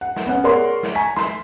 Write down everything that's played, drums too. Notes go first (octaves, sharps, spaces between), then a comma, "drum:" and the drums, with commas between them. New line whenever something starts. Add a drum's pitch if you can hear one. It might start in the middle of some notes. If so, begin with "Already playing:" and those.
F#5
drum: snare
B3 C#4 F#5
G#4 A#4 C#5 D5 F#5 C6
drum: snare
G#5 A#5 C#6 B6
C6, drum: snare